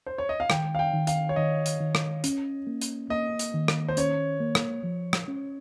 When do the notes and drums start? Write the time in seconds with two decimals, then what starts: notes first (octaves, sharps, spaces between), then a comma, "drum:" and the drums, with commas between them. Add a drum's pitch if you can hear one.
0.06 C5
0.18 C#5
0.29 D#5
0.40 F5
0.50 D#3 G5, drum: rim click
0.75 F5
0.79 G5
0.93 D#3
1.07 F5, drum: hi-hat
1.29 C#5
1.36 D#3 D#5
1.66 drum: hi-hat
1.80 D#3
1.95 drum: rim click
2.24 C#4, drum: hi-hat
2.67 A#3
2.82 drum: hi-hat
3.10 A#3 D#5
3.39 drum: hi-hat
3.54 D#3
3.68 drum: rim click
3.88 C5
3.97 C#4 C#5, drum: hi-hat
4.41 A#3
4.55 drum: rim click
4.83 F3
5.13 drum: rim click
5.28 C#4